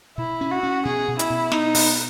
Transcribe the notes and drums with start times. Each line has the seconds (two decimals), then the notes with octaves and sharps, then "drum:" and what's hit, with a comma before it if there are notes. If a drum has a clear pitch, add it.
0.18 B2 E4
0.41 C#4
0.51 F#4
0.63 C#4
0.85 B2 G#4
1.08 B2
1.19 E4, drum: hi-hat
1.30 B2
1.52 B3 D#4, drum: snare
1.75 B2, drum: open hi-hat